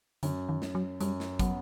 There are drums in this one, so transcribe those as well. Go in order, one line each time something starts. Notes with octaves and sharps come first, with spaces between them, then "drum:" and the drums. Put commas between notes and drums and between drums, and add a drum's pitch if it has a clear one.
F#2 D3, drum: hi-hat
D#3
F#2, drum: snare
F#3
F#2 G3, drum: hi-hat
drum: snare
F#3 B3, drum: kick, hi-hat